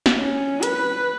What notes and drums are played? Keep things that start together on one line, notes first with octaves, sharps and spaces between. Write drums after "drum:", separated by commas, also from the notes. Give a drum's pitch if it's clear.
drum: snare
C#4
B4, drum: hi-hat